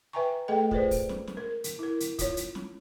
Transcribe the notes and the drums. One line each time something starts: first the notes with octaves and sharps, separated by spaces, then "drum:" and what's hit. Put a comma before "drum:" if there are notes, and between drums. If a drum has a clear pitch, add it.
B4 E5 G5 G#5 A#5 C#6
A3 G#4 A4 D#5 G5
F4 G#4 B4 C5 D5, drum: kick
drum: kick, open hi-hat
drum: snare
drum: snare
A#4
drum: hi-hat
E4 A#4
drum: hi-hat
F4 C#5, drum: kick, hi-hat
drum: hi-hat
drum: snare